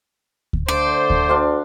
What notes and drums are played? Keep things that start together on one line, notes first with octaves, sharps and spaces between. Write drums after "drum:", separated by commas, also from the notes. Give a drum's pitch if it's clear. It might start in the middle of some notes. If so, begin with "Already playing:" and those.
drum: kick D2
D3 A3 C5 D5
drum: kick D2
D2 D4 F5 C6